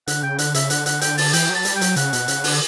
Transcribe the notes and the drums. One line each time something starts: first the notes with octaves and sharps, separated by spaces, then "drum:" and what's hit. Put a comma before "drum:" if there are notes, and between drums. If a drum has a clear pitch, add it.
D3 F#5, drum: hi-hat
C#3 G5
D3 F#5, drum: hi-hat
C#3 E5, drum: hi-hat
D3 F#5, drum: hi-hat
F#5, drum: hi-hat
G5, drum: hi-hat
A5, drum: open hi-hat
E3 G5, drum: hi-hat
F#3
A5
G3, drum: hi-hat
G5
F#3, drum: hi-hat
C#3 F#5, drum: hi-hat
B2, drum: hi-hat
C#3, drum: hi-hat
D3, drum: open hi-hat